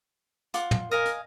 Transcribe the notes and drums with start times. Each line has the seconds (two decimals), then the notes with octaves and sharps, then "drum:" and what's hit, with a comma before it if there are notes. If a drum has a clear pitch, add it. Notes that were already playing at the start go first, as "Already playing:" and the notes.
0.54 F4 F#5 D6, drum: hi-hat
0.71 drum: tom
0.91 A#4 D#5 F5 G#5
1.05 drum: hi-hat